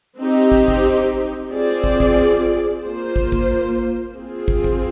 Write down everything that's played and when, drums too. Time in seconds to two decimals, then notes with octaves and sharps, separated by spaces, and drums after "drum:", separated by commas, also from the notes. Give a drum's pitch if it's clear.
0.18 C4 D#4 G4
0.52 drum: kick
0.68 drum: kick
1.51 C4 F4 G#4 D5
1.84 drum: kick
2.00 drum: kick
2.83 A#3 F4 C5
3.16 drum: kick
3.32 drum: kick
4.14 C4 F4 G#4
4.48 drum: kick
4.64 drum: kick